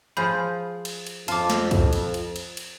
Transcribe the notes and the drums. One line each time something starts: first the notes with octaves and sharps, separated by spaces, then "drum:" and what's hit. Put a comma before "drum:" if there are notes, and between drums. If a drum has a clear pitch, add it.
F3 F4 G#4 B5 G6
drum: cymbal
drum: cymbal
F2 F4 A5 D6, drum: cymbal
drum: snare
drum: kick, cymbal
drum: cymbal
drum: cymbal
drum: cymbal
drum: cymbal